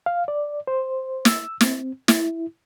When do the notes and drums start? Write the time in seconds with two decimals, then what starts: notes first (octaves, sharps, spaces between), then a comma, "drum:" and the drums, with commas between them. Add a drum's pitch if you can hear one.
0.06 F5
0.28 D5
0.67 C5
1.25 E6, drum: snare
1.61 C4, drum: snare
2.08 E4, drum: snare